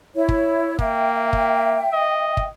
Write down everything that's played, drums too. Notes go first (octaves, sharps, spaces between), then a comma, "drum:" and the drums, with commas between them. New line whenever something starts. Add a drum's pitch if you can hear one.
E4 C#5
drum: kick
A#3 E5 G5, drum: kick
drum: kick
D#5
drum: kick